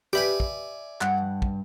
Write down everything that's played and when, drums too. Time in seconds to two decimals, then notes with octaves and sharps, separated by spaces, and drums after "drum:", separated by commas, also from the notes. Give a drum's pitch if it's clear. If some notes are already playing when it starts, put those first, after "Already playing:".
0.13 G4 B4 D5 E5 G#5
0.40 drum: kick
1.01 G2 F#5, drum: clap
1.42 drum: kick